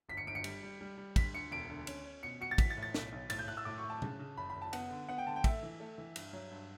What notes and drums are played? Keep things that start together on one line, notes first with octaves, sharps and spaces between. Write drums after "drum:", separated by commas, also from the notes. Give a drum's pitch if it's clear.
G1 B6
C#7
G1 D7
C#7
G3, drum: cymbal
G3
G3
G3
D2 B6, drum: kick, cymbal
D2 C#7
E1 D7
D2
C#4, drum: cymbal
C#4
B2 C#7
F#4 C#7
A6
E3 B6, drum: kick, cymbal
A6
A2
A6
B1, drum: snare
B1
A2 A6, drum: cymbal
G6
A2 F#6
E6
A2 D6
C#6
A2
A5
C#3, drum: tom
C#3
F#1 B5
B5
F#1
A5
B3 F#5, drum: cymbal
D3
B3 F#5
G5
D3 A5
G5
A3 E5, drum: kick, cymbal
E3
A3
E3
G2, drum: cymbal
F#3
G2